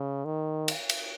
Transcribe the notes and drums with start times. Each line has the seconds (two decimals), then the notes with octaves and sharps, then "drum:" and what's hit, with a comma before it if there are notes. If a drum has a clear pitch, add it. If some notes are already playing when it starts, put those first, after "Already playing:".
Already playing: C#3
0.25 D#3
0.68 drum: cymbal
0.89 drum: cymbal